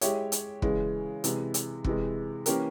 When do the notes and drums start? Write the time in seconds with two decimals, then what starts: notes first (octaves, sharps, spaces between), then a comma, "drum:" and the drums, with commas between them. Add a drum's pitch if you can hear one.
0.01 G#3 E4 G4 C#5 E5, drum: hi-hat
0.32 drum: hi-hat
0.62 C#3 E3 G#3, drum: kick
1.24 C3 E3 G#3, drum: hi-hat
1.54 drum: hi-hat
1.84 C3 E3 G#3, drum: kick
2.46 E3 A#3 C#4 G4 A#4, drum: hi-hat